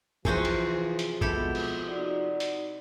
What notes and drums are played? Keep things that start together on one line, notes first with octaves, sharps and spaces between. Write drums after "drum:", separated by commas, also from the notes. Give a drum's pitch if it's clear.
C3 E3 F3 C4 F4 F#4 G#4, drum: kick
drum: cymbal
drum: hi-hat
B2 G#3 B3 E4 G4 A4, drum: kick
drum: cymbal
D#4 F#4 D5
drum: hi-hat